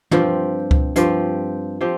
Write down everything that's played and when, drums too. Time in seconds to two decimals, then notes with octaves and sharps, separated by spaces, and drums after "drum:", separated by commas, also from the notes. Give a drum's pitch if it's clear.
0.11 G2 F3 C4 G4, drum: tom
0.71 drum: kick C#2
0.96 G2 F3 C4 G4, drum: hi-hat
1.81 F3 C4 G4